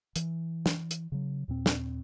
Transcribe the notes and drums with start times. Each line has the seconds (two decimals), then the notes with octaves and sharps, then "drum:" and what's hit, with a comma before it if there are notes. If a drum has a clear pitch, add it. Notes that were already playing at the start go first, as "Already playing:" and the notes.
0.16 E3, drum: hi-hat
0.66 drum: snare
0.91 drum: hi-hat
1.12 C#3 F#3
1.48 D#2 A#2 C4
1.66 drum: snare